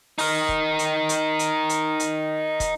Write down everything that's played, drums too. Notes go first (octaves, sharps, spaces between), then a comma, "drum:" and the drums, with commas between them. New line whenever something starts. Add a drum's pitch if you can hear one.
D#4 A#4, drum: open hi-hat
drum: kick
drum: hi-hat
drum: hi-hat
drum: hi-hat
drum: hi-hat
drum: hi-hat
drum: kick, hi-hat